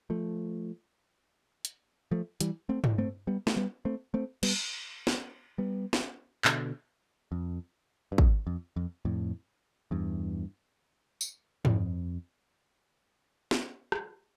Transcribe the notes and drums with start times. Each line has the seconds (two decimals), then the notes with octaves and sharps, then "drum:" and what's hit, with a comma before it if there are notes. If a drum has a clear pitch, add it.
0.10 F3 A3
1.65 drum: hi-hat
2.11 F3 A3
2.40 E3 G3, drum: hi-hat
2.69 A3 C4
2.84 drum: tom
2.98 A3 C4
3.27 G3 B3
3.47 A3, drum: snare
3.56 G3 B3
3.85 A3 C4
4.14 A3 C4
4.43 G3 B3, drum: cymbal
5.07 drum: snare
5.58 G3 B3
5.93 drum: snare
6.45 B2 D3, drum: clap
7.32 F2
8.12 G2
8.18 F2, drum: kick
8.47 F2
8.76 F2
9.05 F2 A2
9.91 E2 G2
11.21 drum: tambourine
11.65 F2, drum: tom
13.51 drum: snare
13.92 drum: rim click